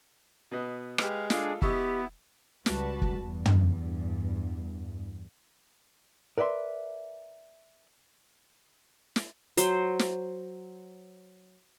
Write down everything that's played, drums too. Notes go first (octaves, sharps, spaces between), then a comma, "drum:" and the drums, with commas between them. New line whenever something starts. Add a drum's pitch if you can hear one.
B2 B4 D#5
G#3 G4 B4 F5, drum: rim click
D4 F4 G#4 A4 F5, drum: snare
B3 E4 G4 D#5 C#6 E6, drum: kick
C#2 G3 F#4 B4 A5, drum: snare
drum: kick
E2 G2
drum: tom
A#4 B4 D5 E5 C6
drum: snare
F#3 C5, drum: hi-hat
drum: snare